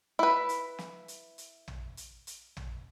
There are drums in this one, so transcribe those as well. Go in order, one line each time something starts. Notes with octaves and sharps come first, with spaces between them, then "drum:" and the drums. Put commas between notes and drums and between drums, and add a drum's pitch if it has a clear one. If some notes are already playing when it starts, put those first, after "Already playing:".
E4 B4
drum: hi-hat
drum: snare
drum: hi-hat
drum: hi-hat
drum: tom
drum: hi-hat
drum: hi-hat
drum: tom